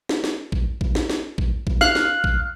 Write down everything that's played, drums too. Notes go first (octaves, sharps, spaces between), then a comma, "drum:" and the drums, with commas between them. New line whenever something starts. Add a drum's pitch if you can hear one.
drum: snare
drum: snare
drum: kick A1
drum: kick A1
drum: snare
drum: snare
drum: kick A1
drum: kick A1
F5 F#6, drum: snare
drum: snare
drum: kick A1